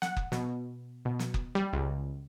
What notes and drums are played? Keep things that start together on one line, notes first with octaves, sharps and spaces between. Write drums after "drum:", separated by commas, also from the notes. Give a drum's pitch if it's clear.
F#5, drum: snare
drum: kick F#1
B2, drum: snare
B2
drum: snare
drum: kick F#1
G3
C#2